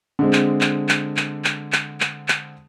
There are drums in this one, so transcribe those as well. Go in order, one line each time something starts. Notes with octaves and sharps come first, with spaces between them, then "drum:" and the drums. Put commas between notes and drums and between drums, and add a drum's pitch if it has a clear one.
D3 G#3 C4
drum: clap
drum: clap
drum: clap
drum: clap
drum: clap
drum: clap
drum: clap
drum: clap